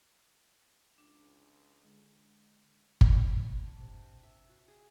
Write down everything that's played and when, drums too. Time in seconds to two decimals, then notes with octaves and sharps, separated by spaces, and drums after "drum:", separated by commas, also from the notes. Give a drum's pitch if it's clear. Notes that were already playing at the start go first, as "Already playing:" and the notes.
0.98 C#2 D4
1.84 D3 G#3
3.01 drum: kick G1
3.47 C#5
3.64 D4
3.80 C3
4.23 E5
4.49 F#4
4.68 G#4